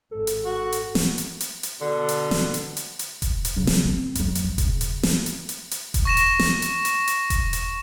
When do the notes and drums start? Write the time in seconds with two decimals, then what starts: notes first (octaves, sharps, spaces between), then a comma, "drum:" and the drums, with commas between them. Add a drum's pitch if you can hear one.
0.11 G#1 G#2 A4
0.27 drum: hi-hat
0.46 F#4
0.72 drum: hi-hat
0.95 drum: snare
1.18 drum: hi-hat
1.41 drum: hi-hat
1.63 drum: hi-hat
1.81 B2 D3
2.09 drum: hi-hat
2.31 drum: snare
2.54 drum: hi-hat
2.77 drum: hi-hat
2.99 drum: hi-hat
3.22 drum: kick E1, hi-hat
3.45 drum: hi-hat
3.56 C#3 F#3
3.67 drum: snare
3.85 C4
4.15 F#2 F#3, drum: hi-hat
4.35 drum: hi-hat
4.44 G2
4.58 C#3, drum: kick E1, hi-hat
4.81 drum: hi-hat
5.03 drum: snare
5.26 drum: hi-hat
5.49 drum: hi-hat
5.71 drum: hi-hat
5.94 drum: kick E1, hi-hat
6.05 C#6 A#6 E7
6.17 drum: hi-hat
6.39 drum: snare
6.62 drum: hi-hat
6.85 drum: hi-hat
7.07 drum: hi-hat
7.30 drum: kick E1, hi-hat
7.53 drum: hi-hat